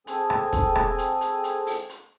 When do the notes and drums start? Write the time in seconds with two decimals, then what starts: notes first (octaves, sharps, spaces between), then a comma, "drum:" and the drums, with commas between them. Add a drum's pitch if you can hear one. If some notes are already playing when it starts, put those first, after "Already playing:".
0.07 C4 G#4 A4 G#5, drum: hi-hat
0.30 drum: rim click
0.53 drum: kick, hi-hat
0.75 drum: rim click
0.98 drum: hi-hat
1.21 drum: hi-hat
1.44 drum: hi-hat
1.67 drum: open hi-hat
1.89 drum: hi-hat